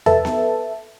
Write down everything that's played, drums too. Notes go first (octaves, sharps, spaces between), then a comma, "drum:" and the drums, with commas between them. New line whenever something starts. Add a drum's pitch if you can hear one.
A4 B4 E5 A5, drum: tom E2
drum: snare B3